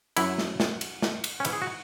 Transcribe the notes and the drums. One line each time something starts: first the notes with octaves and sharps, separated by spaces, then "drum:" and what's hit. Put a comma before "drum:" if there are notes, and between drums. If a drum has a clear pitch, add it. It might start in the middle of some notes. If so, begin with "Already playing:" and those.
F#2 F#3 E4, drum: cymbal
drum: snare
drum: snare
drum: cymbal
drum: snare
drum: cymbal
C#4
G#2 E3 E4, drum: cymbal
G#4
F#4